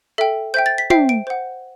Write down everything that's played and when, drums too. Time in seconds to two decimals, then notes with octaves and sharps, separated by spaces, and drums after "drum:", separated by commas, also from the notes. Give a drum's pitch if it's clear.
0.18 A4 E5 G5
0.54 C5 E5 G5 G6
0.66 A6
0.78 B6
0.90 C5 E5 G5 C7, drum: tom
1.09 D7
1.27 C5 F#5